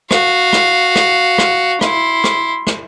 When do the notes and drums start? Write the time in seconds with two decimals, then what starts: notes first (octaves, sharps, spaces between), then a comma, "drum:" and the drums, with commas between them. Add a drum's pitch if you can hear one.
0.11 F#4 F5, drum: rim click
0.53 drum: rim click
0.96 drum: rim click
1.38 drum: rim click
1.81 E4 C6, drum: rim click
2.24 drum: rim click
2.67 drum: rim click